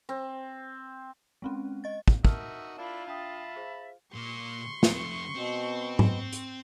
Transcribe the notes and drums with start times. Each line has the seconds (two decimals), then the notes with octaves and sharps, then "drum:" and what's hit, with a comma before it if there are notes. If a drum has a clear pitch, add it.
0.09 C4
1.42 G#3 C4 C#4
1.84 D#5 A6
2.08 drum: kick
2.25 D#4 F#4 A#4 E5 A5 F6, drum: kick
2.78 D4 E4 F4 B5
3.07 D4 E5 G5 A5 B5 D#6
3.56 G#4 C5 F5
4.14 A#2 A#3 C6 C#6
4.83 F2 A3, drum: snare
5.35 B2 C4
5.99 drum: tom G#2
6.33 drum: hi-hat